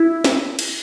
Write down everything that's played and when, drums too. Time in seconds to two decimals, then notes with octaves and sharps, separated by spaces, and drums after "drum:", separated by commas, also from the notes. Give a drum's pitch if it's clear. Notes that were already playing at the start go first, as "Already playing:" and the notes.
Already playing: E4
0.24 drum: snare
0.59 drum: cymbal